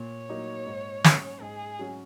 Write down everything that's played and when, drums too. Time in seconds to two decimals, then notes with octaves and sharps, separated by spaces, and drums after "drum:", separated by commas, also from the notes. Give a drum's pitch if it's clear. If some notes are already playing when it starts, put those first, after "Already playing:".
Already playing: A#2 C#5
0.29 F#3 A#3 D#4
0.67 G#2
1.04 F#3 C#4 F#4, drum: snare
1.42 G#2 G#4
1.79 F#3 C#4 F#4